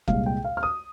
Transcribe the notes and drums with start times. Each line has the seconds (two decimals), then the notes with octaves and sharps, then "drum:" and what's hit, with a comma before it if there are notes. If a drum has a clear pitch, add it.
0.08 C2 A#2 G#3 F5, drum: kick
0.26 G5
0.44 F5
0.57 F6
0.63 D#6